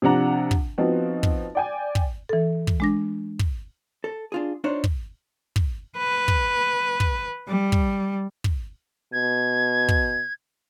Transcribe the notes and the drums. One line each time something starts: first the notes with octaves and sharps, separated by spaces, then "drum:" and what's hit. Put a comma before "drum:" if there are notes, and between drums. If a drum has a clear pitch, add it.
C3 F3 D4 F#5 A#5
drum: kick
F3 B3 C4 D#4 F#4
drum: kick
D5 G5 G#5
drum: kick
E3 A4
drum: kick
G#3 D4 A#6
drum: kick
A4
D4 F4 G#4
D4 D#4 F4 C5 C#5
drum: kick
drum: kick
B4
drum: kick
drum: kick
G3
drum: kick
drum: kick
B2 G#6
drum: kick